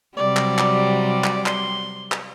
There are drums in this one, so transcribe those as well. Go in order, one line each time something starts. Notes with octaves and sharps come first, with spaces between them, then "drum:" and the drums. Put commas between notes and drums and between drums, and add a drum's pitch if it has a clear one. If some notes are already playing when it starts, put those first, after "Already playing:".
C3 F#3 G3 D5
drum: clap
drum: clap
drum: clap
C6, drum: clap
drum: clap